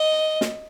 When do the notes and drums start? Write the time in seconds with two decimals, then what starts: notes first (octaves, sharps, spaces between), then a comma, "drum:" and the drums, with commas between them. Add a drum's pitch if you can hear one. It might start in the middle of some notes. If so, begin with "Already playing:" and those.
Already playing: D#5
0.41 drum: snare